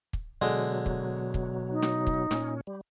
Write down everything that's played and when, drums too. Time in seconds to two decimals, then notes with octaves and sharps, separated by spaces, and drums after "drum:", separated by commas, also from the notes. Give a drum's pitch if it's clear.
0.13 drum: kick
0.42 B2 D3 F#3 G#3
0.86 drum: kick
1.34 drum: kick
1.71 D#4
1.82 drum: snare
2.07 drum: kick
2.31 A#2 C#4, drum: snare
2.67 G3